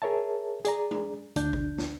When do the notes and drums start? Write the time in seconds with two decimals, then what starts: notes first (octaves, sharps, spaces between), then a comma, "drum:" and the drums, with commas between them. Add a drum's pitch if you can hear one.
0.02 G#4 A#4 C#5 E5 A5
0.65 G#4 D5 A#5, drum: hi-hat
0.91 drum: tom G#3
1.36 D2 D4 G6, drum: hi-hat
1.53 drum: kick G#1
1.78 drum: snare